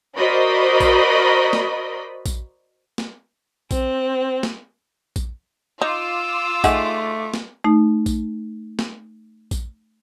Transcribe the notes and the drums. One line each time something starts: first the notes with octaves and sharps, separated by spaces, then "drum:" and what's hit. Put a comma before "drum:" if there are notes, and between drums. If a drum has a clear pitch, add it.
F#4 A#4 C5 D5 D#5 B5
drum: kick A#1, tambourine
drum: snare
drum: kick A#1, tambourine
drum: snare
C4, drum: kick A#1, tambourine
drum: snare
drum: kick A#1, tambourine
D#4 F4 D6 E6
A3 D#4 G#4 F#5, drum: kick A#1, tambourine
drum: snare
A3 D#4
drum: kick A#1, tambourine
drum: snare
drum: kick A#1, tambourine